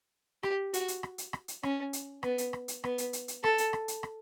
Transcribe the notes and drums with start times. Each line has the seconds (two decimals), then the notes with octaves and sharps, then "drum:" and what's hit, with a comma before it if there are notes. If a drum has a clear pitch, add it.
0.43 G4, drum: rim click
0.74 F#4, drum: hi-hat
0.88 drum: hi-hat
1.03 drum: rim click
1.18 drum: hi-hat
1.33 drum: rim click
1.48 drum: hi-hat
1.63 C#4, drum: rim click
1.93 drum: hi-hat
2.23 B3, drum: rim click
2.38 drum: hi-hat
2.53 drum: rim click
2.68 drum: hi-hat
2.84 B3, drum: rim click
2.98 drum: hi-hat
3.13 drum: hi-hat
3.28 drum: hi-hat
3.44 A4, drum: rim click
3.58 drum: hi-hat
3.73 drum: rim click
3.88 drum: hi-hat
4.03 drum: rim click